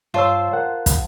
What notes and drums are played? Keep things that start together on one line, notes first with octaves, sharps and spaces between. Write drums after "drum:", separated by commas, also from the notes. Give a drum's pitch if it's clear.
G2 F4 C5 C#5 A5 E6
A#4 F#5
drum: kick, hi-hat